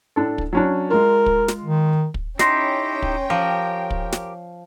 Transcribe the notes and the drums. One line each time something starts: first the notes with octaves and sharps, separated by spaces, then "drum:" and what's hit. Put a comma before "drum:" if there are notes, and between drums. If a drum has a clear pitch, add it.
A2 D4 A4
drum: kick
F#3 C#4 D4
G#3 F4 A#4
drum: kick
drum: snare
D#3
drum: kick
C#4 D#4 E4 G4 G5 C6 A#6 C7, drum: snare
drum: kick
F3 G4 A#4
drum: kick
drum: snare